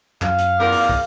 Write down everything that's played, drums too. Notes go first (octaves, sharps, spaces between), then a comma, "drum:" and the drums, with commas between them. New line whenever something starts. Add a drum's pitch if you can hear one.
F#2 F5, drum: clap
drum: hi-hat
E2 F4 A#4 D6
drum: open hi-hat
drum: kick